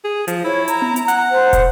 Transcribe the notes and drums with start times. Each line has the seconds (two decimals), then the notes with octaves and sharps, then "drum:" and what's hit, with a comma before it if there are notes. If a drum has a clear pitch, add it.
0.04 G#4
0.28 F3, drum: hi-hat
0.45 E4 C#5
0.68 A#5, drum: hi-hat
0.82 drum: tom B3
0.96 drum: hi-hat
1.08 F#5, drum: hi-hat
1.31 C5
1.53 drum: kick, hi-hat